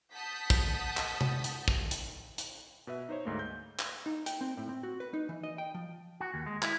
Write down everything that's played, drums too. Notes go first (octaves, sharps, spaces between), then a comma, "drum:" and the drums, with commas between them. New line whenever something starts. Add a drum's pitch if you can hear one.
F#5 A5 D#6 G6 B6
drum: kick
drum: clap
drum: tom C3
drum: hi-hat
drum: kick
drum: hi-hat
drum: hi-hat
B2 B4 E5
D#4 C5 C#5
D2 G#2 A3 A#3
G6
drum: clap
D#4
G5, drum: hi-hat
C4
A2
C4
F#4
B4
D#4
E3
D#5
G5
F3
F#4
D#2
G#3
E4, drum: clap